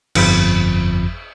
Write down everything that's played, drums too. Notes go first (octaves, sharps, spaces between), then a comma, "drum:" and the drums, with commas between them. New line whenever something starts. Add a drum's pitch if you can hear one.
G1 F2 F3 B5, drum: cymbal